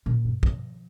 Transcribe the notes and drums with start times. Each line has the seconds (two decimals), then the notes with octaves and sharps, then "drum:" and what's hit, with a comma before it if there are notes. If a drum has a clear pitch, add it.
0.06 A#2
0.25 G2
0.43 F3, drum: kick